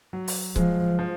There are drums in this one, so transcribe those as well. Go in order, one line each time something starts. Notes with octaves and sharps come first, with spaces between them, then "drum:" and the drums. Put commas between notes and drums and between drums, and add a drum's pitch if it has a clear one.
F#3
drum: open hi-hat
F3 G#3, drum: kick C#1
F3